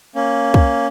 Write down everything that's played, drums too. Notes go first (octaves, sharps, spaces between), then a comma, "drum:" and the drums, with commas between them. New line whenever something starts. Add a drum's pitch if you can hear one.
A#3 C#4
drum: kick